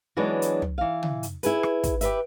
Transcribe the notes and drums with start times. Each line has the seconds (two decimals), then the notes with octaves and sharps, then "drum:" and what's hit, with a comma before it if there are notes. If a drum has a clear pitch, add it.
0.17 E3 F#3 G#3 B3 D4 C#5
0.42 drum: hi-hat
0.62 drum: tom
0.78 E3 F5
1.03 drum: tom
1.23 drum: hi-hat
1.43 E4 G#4 B4, drum: hi-hat
1.63 drum: rim click
1.84 drum: kick, hi-hat
2.01 G4 B4 E5, drum: hi-hat